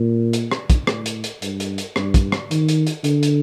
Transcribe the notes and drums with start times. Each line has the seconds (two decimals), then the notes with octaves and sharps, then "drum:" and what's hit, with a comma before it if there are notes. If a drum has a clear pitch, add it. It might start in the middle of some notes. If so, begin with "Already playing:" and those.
Already playing: A#2
0.33 drum: hi-hat
0.51 drum: rim click
0.70 drum: kick, hi-hat
0.87 A2, drum: rim click
1.06 drum: hi-hat
1.24 drum: hi-hat
1.42 G2, drum: hi-hat
1.60 drum: hi-hat
1.78 drum: hi-hat
1.96 G2, drum: rim click
2.14 drum: kick, hi-hat
2.32 drum: rim click
2.51 D#3, drum: hi-hat
2.68 drum: hi-hat
2.87 drum: hi-hat
3.04 D3, drum: hi-hat
3.23 drum: hi-hat